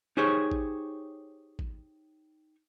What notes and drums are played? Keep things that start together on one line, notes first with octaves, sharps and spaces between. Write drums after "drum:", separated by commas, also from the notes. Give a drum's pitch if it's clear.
D#4 G4 G#4 C5 C#5
drum: kick
drum: kick